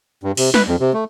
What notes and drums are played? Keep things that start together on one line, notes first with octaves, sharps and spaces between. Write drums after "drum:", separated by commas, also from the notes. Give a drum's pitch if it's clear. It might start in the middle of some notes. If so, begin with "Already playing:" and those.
G2
C3, drum: open hi-hat
B4, drum: snare
F2
C3
A3